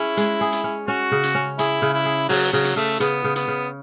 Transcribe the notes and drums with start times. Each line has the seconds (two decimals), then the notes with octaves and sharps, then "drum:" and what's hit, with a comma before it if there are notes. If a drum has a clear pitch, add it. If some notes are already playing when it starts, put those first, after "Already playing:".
Already playing: C#4 E4 G#4
0.17 G#3, drum: hi-hat
0.41 G#4
0.52 drum: hi-hat
0.64 C#4
0.88 C#4 F#4
1.11 C#3
1.23 drum: hi-hat
1.35 C#4
1.59 E4 G#4, drum: hi-hat
1.82 C#3
1.94 E4
2.05 G#4
2.29 C#3 F#3, drum: open hi-hat
2.53 C#3 F#3
2.65 drum: hi-hat
2.76 C#3 A3
3.00 C#3 B3, drum: hi-hat
3.24 C#3
3.35 B3, drum: hi-hat
3.48 C#3